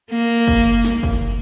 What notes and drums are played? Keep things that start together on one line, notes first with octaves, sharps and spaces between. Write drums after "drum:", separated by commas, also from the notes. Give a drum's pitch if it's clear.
A#3
drum: kick
drum: snare
drum: kick